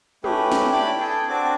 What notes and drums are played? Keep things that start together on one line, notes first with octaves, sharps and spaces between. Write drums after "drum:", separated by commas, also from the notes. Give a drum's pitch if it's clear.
A3 C#4 G4 B4, drum: tom
drum: snare
D4 E4 G4 B5 D6
G#4 A4 G5
C4 D4 F#4 D6